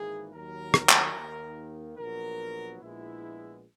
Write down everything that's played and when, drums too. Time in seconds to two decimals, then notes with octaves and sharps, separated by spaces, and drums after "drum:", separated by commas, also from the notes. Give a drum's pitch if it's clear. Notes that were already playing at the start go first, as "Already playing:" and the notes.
Already playing: G#1 G#2 E3 A#3 G#4
0.34 D#2 D#3 F#3 A#4
0.74 drum: rim click
0.90 drum: clap
1.16 D#2 D#3 A#3
1.99 A#1 A#2 F#3 B3 A#4
2.81 A#1 A#2 G#3 B3 E4